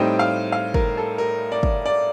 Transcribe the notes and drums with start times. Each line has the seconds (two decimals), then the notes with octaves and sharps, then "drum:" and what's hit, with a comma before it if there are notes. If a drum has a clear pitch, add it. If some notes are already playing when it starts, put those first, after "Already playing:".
Already playing: A2 G3 C4 D#4 G5
0.19 F5
0.52 F5
0.74 A#4, drum: kick
0.97 A4
1.18 A#4
1.52 D5
1.63 drum: kick
1.86 D5